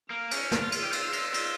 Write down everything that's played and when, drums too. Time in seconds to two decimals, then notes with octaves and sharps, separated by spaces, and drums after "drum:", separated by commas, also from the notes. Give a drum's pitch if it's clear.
0.10 A#3 F6
0.31 C#4, drum: cymbal
0.51 D4, drum: snare
0.62 F4
0.72 F4, drum: cymbal
0.82 G4
0.92 F4 E6, drum: cymbal
1.03 F4
1.13 F4, drum: cymbal
1.34 F4, drum: cymbal